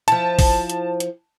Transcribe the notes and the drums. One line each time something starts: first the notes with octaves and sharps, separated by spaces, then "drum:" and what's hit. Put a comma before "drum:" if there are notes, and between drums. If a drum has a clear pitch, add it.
F3 E4 A5, drum: hi-hat
drum: kick A1, open hi-hat
drum: hi-hat
drum: hi-hat